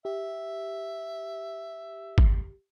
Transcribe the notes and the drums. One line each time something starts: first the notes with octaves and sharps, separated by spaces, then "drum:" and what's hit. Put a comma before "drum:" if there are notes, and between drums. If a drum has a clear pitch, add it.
G4 E5
drum: kick G1